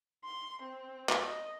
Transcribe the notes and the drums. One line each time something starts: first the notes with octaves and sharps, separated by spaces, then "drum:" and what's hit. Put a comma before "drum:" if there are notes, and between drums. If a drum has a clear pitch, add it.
C6
C4
drum: clap
D#5